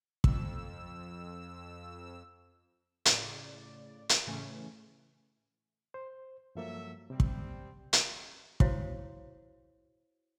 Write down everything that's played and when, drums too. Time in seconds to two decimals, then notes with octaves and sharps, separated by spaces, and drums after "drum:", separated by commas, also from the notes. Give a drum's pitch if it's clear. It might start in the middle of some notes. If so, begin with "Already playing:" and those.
0.24 F2 E6, drum: kick
3.05 A2 C#3 D5, drum: hi-hat
4.09 drum: hi-hat
4.27 A2 C#3 E3 A3 C#4
5.94 C5
6.55 G2 F3 F#3 A#3 A4 E5
7.10 C3 G3 C4
7.20 drum: kick
7.93 drum: hi-hat
8.60 E4 F#4 C5 C#5 F5, drum: kick